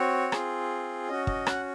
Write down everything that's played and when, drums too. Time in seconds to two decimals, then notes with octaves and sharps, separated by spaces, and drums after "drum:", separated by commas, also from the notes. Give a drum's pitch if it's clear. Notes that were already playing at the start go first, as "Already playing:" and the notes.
Already playing: C4 F#4 C#5
0.32 C4 F4 G#4, drum: rim click
1.08 C#4 F#4 D#5
1.27 D#5, drum: kick
1.47 F#5, drum: rim click